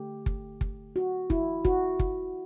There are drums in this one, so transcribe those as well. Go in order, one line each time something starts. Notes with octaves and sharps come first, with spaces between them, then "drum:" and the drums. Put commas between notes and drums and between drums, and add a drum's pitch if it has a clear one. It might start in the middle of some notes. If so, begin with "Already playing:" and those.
Already playing: D3 A3 G4
drum: kick
drum: kick
F#4
E4, drum: kick
F#4, drum: kick
drum: kick